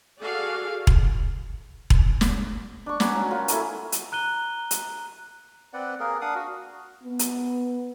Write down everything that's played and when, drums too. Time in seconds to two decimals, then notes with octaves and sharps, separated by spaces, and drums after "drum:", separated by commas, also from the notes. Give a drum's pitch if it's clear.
0.22 F#4 G#4 A4 D5 F5
0.87 drum: kick E1
1.90 drum: kick E1
2.21 drum: snare
2.86 D4 C#6
3.00 F#3 C#4 B4 C#6, drum: snare
3.15 F#3 F#4
3.31 C#4 F4 F#4 A#4
3.48 E4 A4 A#4 C#6, drum: hi-hat
3.92 drum: hi-hat
4.12 A#5 F#6 D#7 G7
4.71 drum: hi-hat
5.73 C4 B4 D5 F#5
6.00 A#3 G#4 A#4
6.21 D4 F5 F#5 D#6
6.35 F#4
7.03 B3
7.19 drum: hi-hat